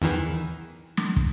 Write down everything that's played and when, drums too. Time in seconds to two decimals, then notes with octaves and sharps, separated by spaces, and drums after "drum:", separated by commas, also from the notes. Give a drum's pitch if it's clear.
0.02 E2 D#3 E3
0.97 drum: snare
1.16 drum: kick